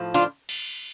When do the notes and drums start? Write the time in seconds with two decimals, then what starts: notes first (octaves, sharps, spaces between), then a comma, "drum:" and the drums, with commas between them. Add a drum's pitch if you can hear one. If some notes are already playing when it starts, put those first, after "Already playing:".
Already playing: A2 F3
0.14 D4 F4
0.49 drum: cymbal